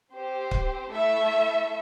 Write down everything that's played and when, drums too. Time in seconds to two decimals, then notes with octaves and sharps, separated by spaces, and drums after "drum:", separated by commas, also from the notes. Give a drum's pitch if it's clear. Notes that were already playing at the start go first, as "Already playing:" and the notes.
0.13 C4 G4 C5
0.51 drum: kick
0.92 A3 E4 A4 E5